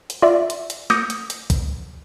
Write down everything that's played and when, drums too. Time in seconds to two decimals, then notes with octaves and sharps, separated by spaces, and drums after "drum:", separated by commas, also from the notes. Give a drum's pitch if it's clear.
0.10 drum: hi-hat
0.22 F4 D5 E5
0.50 drum: hi-hat
0.70 drum: hi-hat
0.90 D6 D#6 G6 A#6 C#7, drum: snare
1.10 drum: hi-hat
1.30 drum: hi-hat
1.50 drum: kick, hi-hat